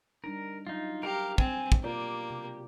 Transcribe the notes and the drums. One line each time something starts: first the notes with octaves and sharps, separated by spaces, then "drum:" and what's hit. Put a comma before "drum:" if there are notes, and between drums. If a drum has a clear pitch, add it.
G3 D4 D#4 A#4
F#3 D#4 F4 E5
G4 A#4 F5 A#5
C4 G#5, drum: kick
drum: kick
B2 A#3 F4 G4 D5
C3